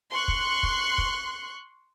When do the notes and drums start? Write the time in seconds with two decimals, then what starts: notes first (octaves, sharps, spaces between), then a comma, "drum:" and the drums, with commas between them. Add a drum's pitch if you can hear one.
0.11 C6 C#6 F#6
0.28 drum: kick
0.63 drum: kick
0.98 drum: kick